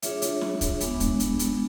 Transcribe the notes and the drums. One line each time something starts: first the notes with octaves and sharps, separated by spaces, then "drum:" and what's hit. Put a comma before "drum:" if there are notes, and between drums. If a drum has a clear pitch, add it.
D4 F4 G#4 C#5 E5, drum: hi-hat
drum: hi-hat
drum: snare
drum: kick, hi-hat
G#3 B3 D4, drum: hi-hat
drum: kick, hi-hat
drum: hi-hat
drum: hi-hat